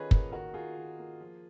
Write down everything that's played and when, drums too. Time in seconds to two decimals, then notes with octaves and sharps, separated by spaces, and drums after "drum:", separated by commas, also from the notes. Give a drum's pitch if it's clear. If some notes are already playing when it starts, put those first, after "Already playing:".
Already playing: D#3 B3 C#4 F4 G#4 B4 C#5 D#5
0.11 A#3, drum: kick
0.32 D#3 F#4 A#4
0.54 F4 G#4
0.76 D#3
0.99 A#3
1.20 F3